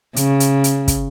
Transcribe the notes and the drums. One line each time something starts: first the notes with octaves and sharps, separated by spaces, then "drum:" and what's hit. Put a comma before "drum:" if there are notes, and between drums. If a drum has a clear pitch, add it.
C#3, drum: hi-hat
drum: hi-hat
drum: hi-hat
drum: kick, hi-hat